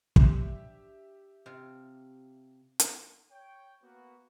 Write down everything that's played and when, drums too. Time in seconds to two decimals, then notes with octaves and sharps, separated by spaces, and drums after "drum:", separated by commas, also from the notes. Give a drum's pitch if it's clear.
0.16 D4 G4 C5 E5, drum: kick
1.46 C3 F4
2.80 drum: hi-hat
3.32 C#5 G5
3.83 A#3 B3 F#4